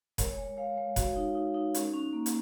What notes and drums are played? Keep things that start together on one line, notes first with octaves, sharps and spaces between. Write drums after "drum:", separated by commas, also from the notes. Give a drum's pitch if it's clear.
G#3 A#4 C#5, drum: kick F1, hi-hat
G#3
G#3 C#5 F5
G#3
F#4, drum: kick F1, hi-hat
D#4
D#4
D#4
C#4, drum: hi-hat
C#4
A#3
drum: hi-hat